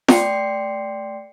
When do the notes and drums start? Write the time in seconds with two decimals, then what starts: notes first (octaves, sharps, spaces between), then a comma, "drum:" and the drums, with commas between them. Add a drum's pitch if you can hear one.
0.08 A3 D5 G5 C6 C7 C#7, drum: snare